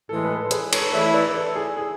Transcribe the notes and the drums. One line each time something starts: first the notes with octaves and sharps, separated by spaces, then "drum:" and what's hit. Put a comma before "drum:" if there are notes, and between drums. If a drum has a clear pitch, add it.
A2 E3 G#3 A4
B4
A4
G#4 B4, drum: hi-hat
A4 C#5, drum: cymbal
E3 A3 E4 B4 D5
B4 D5
A4
G#4
G#4